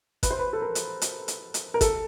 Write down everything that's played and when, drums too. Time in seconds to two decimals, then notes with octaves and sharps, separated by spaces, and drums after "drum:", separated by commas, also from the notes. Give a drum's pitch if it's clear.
0.23 B4, drum: kick G#1, hi-hat
0.31 C5
0.39 B4
0.53 A4
0.62 A#4
0.75 drum: hi-hat
1.02 drum: hi-hat
1.28 drum: hi-hat
1.54 drum: hi-hat
1.74 A#4
1.81 A4, drum: kick G#1, hi-hat